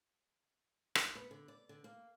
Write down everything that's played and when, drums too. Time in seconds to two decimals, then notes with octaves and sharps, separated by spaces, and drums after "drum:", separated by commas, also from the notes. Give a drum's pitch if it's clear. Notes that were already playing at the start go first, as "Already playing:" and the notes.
0.95 drum: rim click
1.15 B3
1.31 D3
1.48 D5
1.69 D3
1.84 A#3